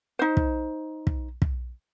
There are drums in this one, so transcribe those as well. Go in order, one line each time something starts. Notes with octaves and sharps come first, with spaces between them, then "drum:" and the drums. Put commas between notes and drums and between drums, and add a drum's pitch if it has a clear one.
D#4 C5
drum: kick
drum: kick
drum: kick